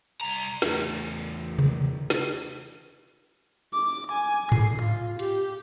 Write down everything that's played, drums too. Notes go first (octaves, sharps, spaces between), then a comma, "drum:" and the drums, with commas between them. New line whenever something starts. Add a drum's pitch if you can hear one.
C2 A#5
E2 A3, drum: snare
drum: tom C3
drum: snare
D6
G#5
C7, drum: tom G#2
F4
G4, drum: hi-hat